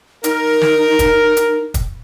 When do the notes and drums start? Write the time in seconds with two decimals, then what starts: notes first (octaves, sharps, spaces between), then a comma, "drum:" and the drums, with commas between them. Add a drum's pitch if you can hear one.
0.24 D#4 A#4, drum: hi-hat
0.61 drum: snare
0.99 drum: kick, hi-hat
1.37 drum: hi-hat
1.74 drum: kick, hi-hat